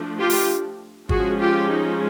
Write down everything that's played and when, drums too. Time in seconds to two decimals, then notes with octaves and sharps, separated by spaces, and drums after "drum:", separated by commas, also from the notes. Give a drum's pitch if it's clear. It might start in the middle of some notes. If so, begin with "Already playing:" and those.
Already playing: F3 A3 D4
0.19 F4 G4
0.30 drum: open hi-hat
1.09 F3 G#3 C#4 F#4 G#4, drum: kick
1.39 F4 G4
1.70 D#4